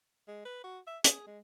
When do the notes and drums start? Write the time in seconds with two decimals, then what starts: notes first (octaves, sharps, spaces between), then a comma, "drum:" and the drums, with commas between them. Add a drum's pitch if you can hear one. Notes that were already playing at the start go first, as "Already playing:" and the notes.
0.28 G#3
0.45 B4
0.64 F#4
0.87 E5
1.04 G#4, drum: hi-hat
1.27 G#3